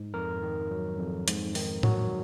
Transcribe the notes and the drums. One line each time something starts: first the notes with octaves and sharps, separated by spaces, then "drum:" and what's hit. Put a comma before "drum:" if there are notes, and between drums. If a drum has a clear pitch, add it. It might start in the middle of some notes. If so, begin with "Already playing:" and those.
Already playing: G#2
F2 A#4
D#3
F#3
F2
G#2, drum: hi-hat
D#3, drum: open hi-hat
F#3 F#4, drum: tom A2